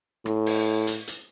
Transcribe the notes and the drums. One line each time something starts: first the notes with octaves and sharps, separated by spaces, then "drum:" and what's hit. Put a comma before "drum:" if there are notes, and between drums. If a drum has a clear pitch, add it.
A2, drum: rim click
drum: open hi-hat
drum: hi-hat
drum: hi-hat